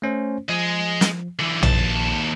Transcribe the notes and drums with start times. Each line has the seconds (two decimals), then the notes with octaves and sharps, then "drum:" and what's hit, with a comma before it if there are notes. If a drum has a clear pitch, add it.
0.02 A3 C#4 C5
0.49 F3 G#4 D#5
1.01 drum: snare
1.39 D3 E3
1.63 A#1 D#2 A5, drum: tom A#1